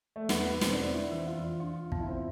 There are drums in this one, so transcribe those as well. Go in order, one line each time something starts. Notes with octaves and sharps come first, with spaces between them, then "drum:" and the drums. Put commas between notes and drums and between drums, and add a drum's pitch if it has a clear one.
A3
E2 B3, drum: snare
E2 B3
B2 C4, drum: snare
D4
E2 C4
D4 E4
E3
F2 F4
E3
D4 F4
D4
B3 F4, drum: kick
E4
B3 C4